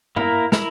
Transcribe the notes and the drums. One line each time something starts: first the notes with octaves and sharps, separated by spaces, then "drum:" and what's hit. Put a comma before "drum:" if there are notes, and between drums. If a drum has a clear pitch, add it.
A#3 E4 A#4, drum: tom G#2
E4 A#4, drum: snare